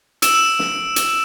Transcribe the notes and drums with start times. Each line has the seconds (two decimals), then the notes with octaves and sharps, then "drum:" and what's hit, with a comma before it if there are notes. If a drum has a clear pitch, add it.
0.22 E6 D7 E7, drum: hi-hat
0.59 drum: snare
0.96 drum: hi-hat